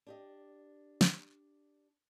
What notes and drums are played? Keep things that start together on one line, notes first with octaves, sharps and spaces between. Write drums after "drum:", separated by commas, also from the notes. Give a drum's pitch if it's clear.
D4 G4 D#5
drum: snare